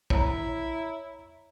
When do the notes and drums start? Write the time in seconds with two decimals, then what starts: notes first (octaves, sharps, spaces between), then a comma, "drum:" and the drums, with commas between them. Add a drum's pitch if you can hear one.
0.10 E4 C#5 A#5, drum: kick A#1